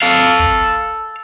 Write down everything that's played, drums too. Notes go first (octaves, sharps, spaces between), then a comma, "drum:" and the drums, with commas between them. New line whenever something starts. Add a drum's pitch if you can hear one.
A4 F5, drum: hi-hat
drum: kick, hi-hat